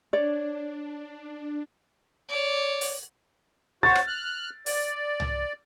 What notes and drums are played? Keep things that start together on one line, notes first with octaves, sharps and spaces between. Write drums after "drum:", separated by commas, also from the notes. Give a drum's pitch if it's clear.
D4 C#5 D5
C#5 D5
drum: open hi-hat
F#4 C5 C#5 A6
drum: rim click
F6 F#6
D5, drum: open hi-hat
drum: tom